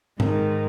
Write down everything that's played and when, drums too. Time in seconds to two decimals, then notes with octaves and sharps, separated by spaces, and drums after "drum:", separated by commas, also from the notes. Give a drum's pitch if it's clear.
0.20 G#2 D#3, drum: tom G#2